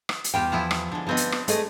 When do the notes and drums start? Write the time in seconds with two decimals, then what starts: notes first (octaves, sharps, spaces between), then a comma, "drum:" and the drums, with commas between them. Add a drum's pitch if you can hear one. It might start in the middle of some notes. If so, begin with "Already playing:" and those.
0.09 drum: rim click
0.24 drum: hi-hat
0.34 E2 G3 F4 G4 G5
0.52 F3 B3 E4
0.71 drum: rim click
0.92 D3 G#3
1.07 F3 G3 B3 C4 D4 D#5
1.17 drum: hi-hat
1.32 drum: rim click
1.48 A3 G#4 D#5, drum: hi-hat